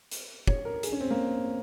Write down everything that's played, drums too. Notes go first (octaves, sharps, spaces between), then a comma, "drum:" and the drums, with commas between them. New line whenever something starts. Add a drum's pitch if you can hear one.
drum: hi-hat
C#5, drum: kick
A#4
G#4, drum: hi-hat
C#4
C4
A#3